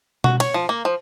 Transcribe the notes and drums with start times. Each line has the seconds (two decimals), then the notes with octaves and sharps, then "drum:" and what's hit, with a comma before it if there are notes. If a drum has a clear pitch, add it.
0.24 F#4, drum: tom B2
0.40 C#5, drum: cymbal
0.54 F3
0.69 A#3
0.85 F3